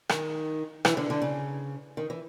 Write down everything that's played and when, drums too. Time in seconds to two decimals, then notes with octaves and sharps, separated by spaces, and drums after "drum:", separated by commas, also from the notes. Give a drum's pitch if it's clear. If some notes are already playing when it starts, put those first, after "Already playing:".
0.09 D#3, drum: rim click
0.85 E3, drum: rim click
0.97 D3
1.10 D3
1.22 C#3
1.97 D#3
2.10 E3